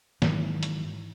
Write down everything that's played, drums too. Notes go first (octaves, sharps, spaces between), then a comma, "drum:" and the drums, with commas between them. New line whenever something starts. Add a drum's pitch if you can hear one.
G#2 D#3 E3 F#3, drum: snare
drum: hi-hat